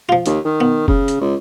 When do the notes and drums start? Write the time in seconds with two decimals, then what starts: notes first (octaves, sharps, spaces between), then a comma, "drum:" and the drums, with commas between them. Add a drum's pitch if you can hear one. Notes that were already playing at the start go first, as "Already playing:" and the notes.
0.09 F3 F4
0.26 D#2, drum: hi-hat
0.45 D#3
0.61 B3
0.88 C#3, drum: kick
1.08 drum: hi-hat
1.21 C#2